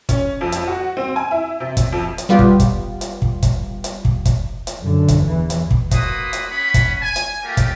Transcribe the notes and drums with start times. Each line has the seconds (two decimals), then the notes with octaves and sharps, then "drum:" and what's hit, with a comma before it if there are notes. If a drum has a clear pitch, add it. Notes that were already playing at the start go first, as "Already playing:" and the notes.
0.09 C#4, drum: kick, hi-hat
0.41 F2
0.52 drum: hi-hat
0.68 F#4
0.97 C4
1.16 G#5
1.31 E4
1.60 C3
1.77 drum: kick, hi-hat
1.92 F2
2.18 drum: hi-hat
2.29 G3 B3 F4 G4
2.39 drum: kick
2.60 drum: kick, hi-hat
3.01 drum: hi-hat
3.22 drum: kick
3.43 drum: kick, hi-hat
3.84 drum: hi-hat
4.05 drum: kick
4.25 drum: kick, hi-hat
4.67 drum: hi-hat
4.80 F#2 D3
5.08 drum: kick, hi-hat
5.23 E2 E3
5.50 drum: hi-hat
5.71 drum: kick
5.91 A#3 F#4 B4 C5 D#6, drum: kick, hi-hat
6.33 drum: hi-hat
6.48 C#4 F#5 B5
6.74 drum: kick, hi-hat
7.01 G#5
7.16 drum: hi-hat
7.43 A3 A#3 F4 G4
7.57 drum: kick, hi-hat